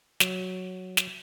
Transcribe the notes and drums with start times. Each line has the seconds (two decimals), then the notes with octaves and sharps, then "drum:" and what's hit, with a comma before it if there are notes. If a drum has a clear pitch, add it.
0.20 F#3, drum: snare
0.97 drum: snare